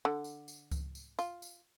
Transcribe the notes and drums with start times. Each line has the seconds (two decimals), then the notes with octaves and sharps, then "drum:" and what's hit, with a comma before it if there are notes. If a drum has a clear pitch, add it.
0.05 D3
0.24 drum: tambourine
0.48 drum: tambourine
0.71 drum: kick C#2, tambourine
0.95 drum: tambourine
1.19 F4, drum: tambourine
1.42 drum: tambourine